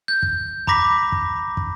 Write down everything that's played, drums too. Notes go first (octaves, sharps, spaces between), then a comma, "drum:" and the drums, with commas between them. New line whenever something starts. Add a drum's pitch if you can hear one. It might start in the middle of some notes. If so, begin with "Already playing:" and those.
G6
drum: kick
A#5 B5 D6 A#6 B6, drum: kick
drum: kick
drum: kick